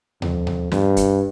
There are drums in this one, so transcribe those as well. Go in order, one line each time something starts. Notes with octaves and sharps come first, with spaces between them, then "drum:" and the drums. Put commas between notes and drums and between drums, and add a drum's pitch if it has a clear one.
F2, drum: tom D#2
drum: tom D#2
G2, drum: snare
drum: kick, hi-hat